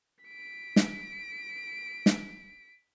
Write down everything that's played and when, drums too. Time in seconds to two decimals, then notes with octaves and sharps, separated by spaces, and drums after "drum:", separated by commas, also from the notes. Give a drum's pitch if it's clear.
0.25 B6 D7
0.76 drum: snare
2.06 drum: snare